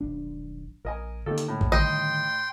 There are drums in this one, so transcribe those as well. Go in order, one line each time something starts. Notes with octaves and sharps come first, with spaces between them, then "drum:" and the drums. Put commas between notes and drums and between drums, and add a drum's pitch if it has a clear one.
D#1 B1 D4
A#1 A#4 D#5 G#5
D3 D#3 A#3 G4 A4
drum: hi-hat
A2
drum: kick
D3 D#3 G3 D#5 G5 C6